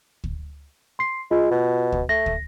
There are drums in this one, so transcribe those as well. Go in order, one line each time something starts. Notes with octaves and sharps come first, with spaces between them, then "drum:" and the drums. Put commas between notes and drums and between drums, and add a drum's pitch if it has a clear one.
drum: kick
C6 C7
G#3 F4
B2
drum: kick
A3 A#6
drum: kick